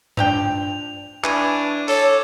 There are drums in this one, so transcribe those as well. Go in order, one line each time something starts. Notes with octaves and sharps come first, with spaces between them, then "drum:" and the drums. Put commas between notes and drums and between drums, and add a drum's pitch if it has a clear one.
F3 D4 G5 F7, drum: tom G2
E3 D4 C#6 G#6 D#7, drum: clap
A4 C#5 D6, drum: open hi-hat